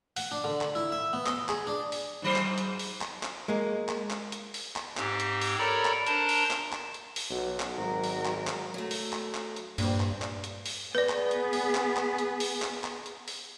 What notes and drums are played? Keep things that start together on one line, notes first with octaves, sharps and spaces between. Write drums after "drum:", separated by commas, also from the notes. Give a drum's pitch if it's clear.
F#5, drum: open hi-hat
D4
D3
drum: clap
E4
E5
B3
D#5, drum: clap
G#4, drum: clap
D4
drum: open hi-hat
G#2 F#3 C5
drum: clap
drum: hi-hat
drum: open hi-hat
drum: clap
drum: clap
G#3 A#3
drum: clap
drum: clap
drum: hi-hat
drum: open hi-hat
drum: clap
G#2 C4 G4, drum: clap
drum: hi-hat
drum: open hi-hat
A4 A#4 C#5 D5 A#5 B5
drum: clap
D4 A#4 C5 A5 A#5 C6, drum: hi-hat
drum: open hi-hat
drum: clap
drum: clap
drum: hi-hat
drum: open hi-hat
B1 F#4
drum: clap
G#1 F#3 A#4
drum: open hi-hat
drum: clap
drum: clap
F#3 A3
drum: open hi-hat
drum: clap
drum: clap
drum: hi-hat
G2 A#2 C4, drum: open hi-hat
drum: clap
drum: clap
drum: hi-hat
drum: open hi-hat
B3 G#4 B4 D5
drum: clap
drum: hi-hat
drum: open hi-hat
drum: clap
drum: clap
drum: hi-hat
drum: open hi-hat
drum: clap
drum: clap
drum: hi-hat
drum: open hi-hat